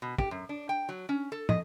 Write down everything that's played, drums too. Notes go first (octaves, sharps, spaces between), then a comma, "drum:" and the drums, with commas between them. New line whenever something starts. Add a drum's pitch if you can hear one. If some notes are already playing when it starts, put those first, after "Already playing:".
B2
G4, drum: kick
F#2
D4
G5
F#3
C#4
A4
D#5, drum: tom